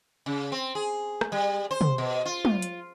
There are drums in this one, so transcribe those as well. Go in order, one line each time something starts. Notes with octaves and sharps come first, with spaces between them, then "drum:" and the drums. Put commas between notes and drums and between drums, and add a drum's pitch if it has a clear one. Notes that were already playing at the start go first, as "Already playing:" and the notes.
C#3
C4
G#4
drum: rim click
G3
C5
drum: tom
B2
F4
drum: tom
drum: hi-hat